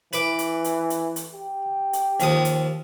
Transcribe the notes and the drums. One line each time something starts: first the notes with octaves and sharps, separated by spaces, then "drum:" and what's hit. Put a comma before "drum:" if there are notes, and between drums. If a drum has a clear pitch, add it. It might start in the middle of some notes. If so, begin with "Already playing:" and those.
E3 B4 D6, drum: hi-hat
drum: hi-hat
drum: hi-hat
drum: hi-hat
drum: hi-hat
G4
drum: hi-hat
D#2 F3 D#6, drum: hi-hat
drum: hi-hat